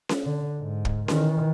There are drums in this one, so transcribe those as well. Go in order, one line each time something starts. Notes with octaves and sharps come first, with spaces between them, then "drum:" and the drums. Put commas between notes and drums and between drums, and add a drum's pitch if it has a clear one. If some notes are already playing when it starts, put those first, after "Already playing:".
drum: snare C#4
D3
G#2
drum: kick
D#3 E3, drum: snare C#4